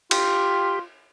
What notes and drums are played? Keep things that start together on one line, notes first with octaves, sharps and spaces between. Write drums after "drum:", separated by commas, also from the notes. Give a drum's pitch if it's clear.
F4 G4, drum: cymbal